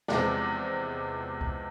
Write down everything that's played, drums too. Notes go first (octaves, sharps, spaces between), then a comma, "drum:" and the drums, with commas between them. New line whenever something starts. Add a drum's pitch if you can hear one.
E2 C3 F3 G#3 B3 D5, drum: snare
drum: kick C2